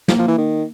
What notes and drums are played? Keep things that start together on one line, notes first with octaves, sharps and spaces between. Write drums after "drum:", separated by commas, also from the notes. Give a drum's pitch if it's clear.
F3 A#3, drum: snare
F3
E3
D#3